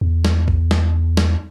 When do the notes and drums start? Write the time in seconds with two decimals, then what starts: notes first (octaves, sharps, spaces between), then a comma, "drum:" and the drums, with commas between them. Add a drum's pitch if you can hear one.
0.01 E2
0.25 drum: snare
0.48 drum: kick
0.71 drum: snare
1.17 drum: snare